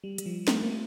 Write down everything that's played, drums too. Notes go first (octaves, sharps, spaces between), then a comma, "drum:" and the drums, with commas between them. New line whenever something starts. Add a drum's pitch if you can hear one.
G3
G3, drum: hi-hat
F3
A3, drum: snare
A#3